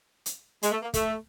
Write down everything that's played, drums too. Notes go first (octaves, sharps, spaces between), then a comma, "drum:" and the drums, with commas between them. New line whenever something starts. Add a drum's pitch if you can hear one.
drum: hi-hat
G#3, drum: hi-hat
A3
A#3
A3, drum: kick, hi-hat